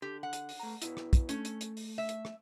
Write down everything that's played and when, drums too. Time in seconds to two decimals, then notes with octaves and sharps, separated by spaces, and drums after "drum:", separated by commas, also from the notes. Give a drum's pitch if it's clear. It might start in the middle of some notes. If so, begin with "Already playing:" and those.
0.02 D3 G4
0.23 F#5
0.33 drum: hi-hat
0.49 drum: open hi-hat
0.60 A3 A#5
0.82 B2 E4, drum: hi-hat
0.97 drum: rim click
1.13 drum: kick, hi-hat
1.29 A3 C#4, drum: hi-hat
1.45 drum: hi-hat
1.61 drum: hi-hat
1.77 drum: open hi-hat
1.98 E5
2.09 drum: hi-hat
2.25 drum: rim click